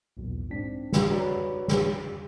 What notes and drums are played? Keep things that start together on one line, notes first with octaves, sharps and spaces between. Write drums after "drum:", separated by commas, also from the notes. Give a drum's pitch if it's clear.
B1 E2 A#2
G#2 C4 D4 B6
drum: snare
F#4 B4 C#5 D5 A#5 B5
drum: snare